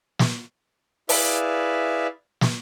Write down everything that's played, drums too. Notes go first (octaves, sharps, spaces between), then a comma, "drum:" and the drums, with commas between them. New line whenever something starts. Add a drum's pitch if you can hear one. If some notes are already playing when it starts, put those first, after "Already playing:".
drum: snare
E4 G#4 B4 D5 E5 F5, drum: open hi-hat
drum: snare